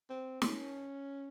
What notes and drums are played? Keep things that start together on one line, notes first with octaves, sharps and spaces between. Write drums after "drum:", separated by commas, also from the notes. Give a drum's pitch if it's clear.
C4
C#4, drum: snare